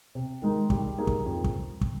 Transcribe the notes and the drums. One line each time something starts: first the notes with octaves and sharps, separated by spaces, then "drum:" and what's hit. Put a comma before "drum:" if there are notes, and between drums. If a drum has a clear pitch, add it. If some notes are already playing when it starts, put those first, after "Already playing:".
C3
D#3 G#3 D#4 A#4
G3, drum: kick
A#3 D#4 G#4
drum: kick
F2
drum: kick
drum: kick